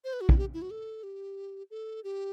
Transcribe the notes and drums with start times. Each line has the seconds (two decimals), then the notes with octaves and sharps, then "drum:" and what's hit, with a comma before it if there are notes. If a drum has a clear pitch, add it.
0.04 C5
0.13 B4
0.21 F#4
0.29 E4, drum: kick A#1
0.38 G4
0.54 E4
0.62 F#4
0.71 A4
1.03 G4
1.71 A4
2.04 G4